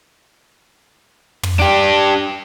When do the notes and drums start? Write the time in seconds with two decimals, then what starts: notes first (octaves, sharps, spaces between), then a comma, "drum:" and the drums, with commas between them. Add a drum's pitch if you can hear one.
1.43 drum: tom
1.59 D4 G4